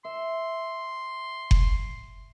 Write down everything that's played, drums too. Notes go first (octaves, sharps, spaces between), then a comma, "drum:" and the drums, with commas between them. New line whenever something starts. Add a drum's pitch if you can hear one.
E5 C6
drum: kick F#1